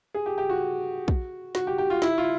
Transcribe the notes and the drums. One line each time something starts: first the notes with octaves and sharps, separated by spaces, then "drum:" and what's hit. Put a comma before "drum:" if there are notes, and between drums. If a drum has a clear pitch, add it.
G#4
G4
G4
F#4
drum: kick
F#4, drum: snare
G4
G4
F4
E4, drum: snare
F4